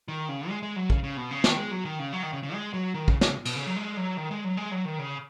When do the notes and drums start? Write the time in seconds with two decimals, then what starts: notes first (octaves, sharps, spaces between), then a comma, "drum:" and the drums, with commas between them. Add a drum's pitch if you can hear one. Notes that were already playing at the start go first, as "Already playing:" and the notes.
0.08 D#3
0.28 C#3
0.49 G#3
0.63 G#3
0.76 F#3
0.90 C#3, drum: kick
1.04 C#3
1.17 B2
1.31 C#3
1.44 D#3, drum: snare
1.57 G#3
1.71 F#3
1.85 D#3
1.99 C#3
2.13 F#3
2.23 D#3
2.33 C#3
2.43 C#3
2.53 G#3
2.73 F#3
2.94 D#3
3.08 C#3, drum: kick
3.21 C#3, drum: snare
3.45 B2, drum: cymbal
3.55 C#3
3.66 F#3
3.76 G#3
3.97 F#3
4.17 D#3
4.31 G#3
4.44 F#3
4.57 G#3
4.71 F#3
4.85 D#3
4.99 C#3